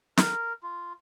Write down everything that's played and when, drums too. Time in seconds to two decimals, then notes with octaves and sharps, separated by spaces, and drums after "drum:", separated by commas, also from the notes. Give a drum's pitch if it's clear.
0.17 A#4, drum: snare
0.63 F4